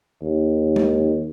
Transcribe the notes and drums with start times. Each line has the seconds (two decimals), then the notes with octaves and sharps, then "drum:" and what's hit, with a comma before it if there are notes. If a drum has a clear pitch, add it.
0.21 D#2
0.76 drum: tom G#3